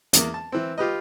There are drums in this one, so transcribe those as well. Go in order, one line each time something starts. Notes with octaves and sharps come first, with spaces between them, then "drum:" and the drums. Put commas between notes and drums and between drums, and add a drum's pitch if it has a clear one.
E2 A#3, drum: hi-hat
A5
E3 C4
F4 G4 B4 D#5